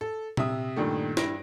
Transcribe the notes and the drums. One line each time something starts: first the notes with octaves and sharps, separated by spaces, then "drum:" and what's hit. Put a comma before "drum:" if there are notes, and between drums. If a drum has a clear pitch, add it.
A4
C3 E5 D#6, drum: tom A#2
G2 A#2 D#3 A3
G2 E4 A#6 D7, drum: snare